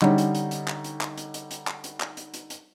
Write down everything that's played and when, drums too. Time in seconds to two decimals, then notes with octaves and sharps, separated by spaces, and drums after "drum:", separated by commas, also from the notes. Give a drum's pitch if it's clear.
0.01 D3 G3 C#4 D#4, drum: clap
0.18 drum: hi-hat
0.35 drum: hi-hat
0.51 drum: hi-hat
0.68 drum: clap
0.84 drum: hi-hat
1.01 drum: clap
1.18 drum: hi-hat
1.34 drum: hi-hat
1.51 drum: hi-hat
1.67 drum: clap
1.84 drum: hi-hat
2.00 drum: clap
2.17 drum: hi-hat
2.34 drum: hi-hat
2.50 drum: hi-hat